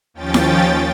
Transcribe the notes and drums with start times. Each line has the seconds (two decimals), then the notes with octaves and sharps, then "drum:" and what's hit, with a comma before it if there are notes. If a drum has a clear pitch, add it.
0.14 D#2 F3 C#4 G5 A6
0.34 drum: snare E4